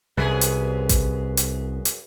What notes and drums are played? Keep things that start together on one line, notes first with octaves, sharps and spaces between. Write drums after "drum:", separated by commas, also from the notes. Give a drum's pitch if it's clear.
C2 F#2 C3 G#4 B4
drum: hi-hat
drum: kick A1, hi-hat
drum: hi-hat
drum: hi-hat